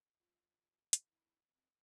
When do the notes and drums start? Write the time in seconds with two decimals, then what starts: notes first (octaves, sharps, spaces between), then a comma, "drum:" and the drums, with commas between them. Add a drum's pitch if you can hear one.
0.18 F4
0.93 drum: hi-hat
1.08 E4
1.47 B3
1.52 C4